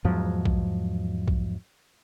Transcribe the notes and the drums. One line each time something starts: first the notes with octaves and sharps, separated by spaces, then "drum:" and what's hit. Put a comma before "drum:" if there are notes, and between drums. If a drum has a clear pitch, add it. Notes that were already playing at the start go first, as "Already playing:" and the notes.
E2 G#2 F3 F#3
drum: kick B1
drum: kick B1